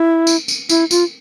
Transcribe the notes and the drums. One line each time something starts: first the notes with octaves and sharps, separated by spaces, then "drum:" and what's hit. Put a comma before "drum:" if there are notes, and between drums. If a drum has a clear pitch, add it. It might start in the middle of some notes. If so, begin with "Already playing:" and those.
Already playing: E4
drum: tambourine
drum: tambourine
E4, drum: tambourine
F4, drum: tambourine